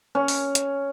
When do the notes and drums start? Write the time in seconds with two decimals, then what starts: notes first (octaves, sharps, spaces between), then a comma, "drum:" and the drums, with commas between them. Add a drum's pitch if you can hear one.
0.15 C#4
0.28 drum: open hi-hat
0.55 drum: hi-hat